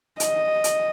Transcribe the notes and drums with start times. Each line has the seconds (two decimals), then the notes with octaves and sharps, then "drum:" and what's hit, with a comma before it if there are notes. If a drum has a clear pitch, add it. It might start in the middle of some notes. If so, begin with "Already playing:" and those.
0.20 D#5, drum: hi-hat
0.64 drum: hi-hat